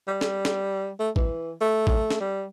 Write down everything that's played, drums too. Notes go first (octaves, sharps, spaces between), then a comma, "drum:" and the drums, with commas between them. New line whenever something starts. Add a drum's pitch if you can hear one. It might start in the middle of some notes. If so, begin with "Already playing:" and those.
G3
drum: snare
drum: snare
A3
E3, drum: kick A1
A3
drum: kick A1
drum: snare
G3